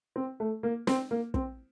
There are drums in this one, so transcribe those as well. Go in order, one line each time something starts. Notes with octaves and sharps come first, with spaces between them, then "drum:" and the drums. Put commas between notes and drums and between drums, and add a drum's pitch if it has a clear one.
C4
A3
A#3
C4, drum: snare
A#3
C4, drum: kick